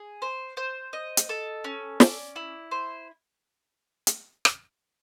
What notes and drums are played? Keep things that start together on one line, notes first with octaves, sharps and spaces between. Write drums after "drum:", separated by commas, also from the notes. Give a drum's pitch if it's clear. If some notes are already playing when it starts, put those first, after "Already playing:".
Already playing: G#4
C5
C5
D#5
drum: hi-hat
A4
C#4
D5, drum: snare
E4
C5
drum: hi-hat
drum: rim click